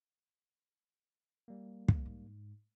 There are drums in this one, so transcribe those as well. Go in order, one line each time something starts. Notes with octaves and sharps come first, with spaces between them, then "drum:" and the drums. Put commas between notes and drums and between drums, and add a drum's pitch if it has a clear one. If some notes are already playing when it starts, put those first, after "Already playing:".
G3 A#3
drum: kick
G#2